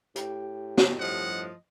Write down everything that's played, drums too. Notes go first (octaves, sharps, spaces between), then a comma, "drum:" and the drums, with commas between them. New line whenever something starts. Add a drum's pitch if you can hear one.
A2 G4 G5, drum: hi-hat
drum: snare
G2 F3 D#5 F#5